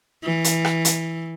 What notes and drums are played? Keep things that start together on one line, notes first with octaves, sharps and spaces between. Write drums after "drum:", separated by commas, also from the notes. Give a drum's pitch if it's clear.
E3
drum: hi-hat
drum: rim click
drum: hi-hat